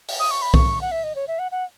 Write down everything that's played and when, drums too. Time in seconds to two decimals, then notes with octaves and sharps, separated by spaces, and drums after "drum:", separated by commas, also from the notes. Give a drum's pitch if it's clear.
0.08 drum: open hi-hat
0.19 D#6
0.31 C#6
0.42 B5
0.54 C#6, drum: kick B1
0.81 F#5
0.91 E5
1.03 D#5
1.15 C#5
1.28 E5
1.39 F#5
1.51 F#5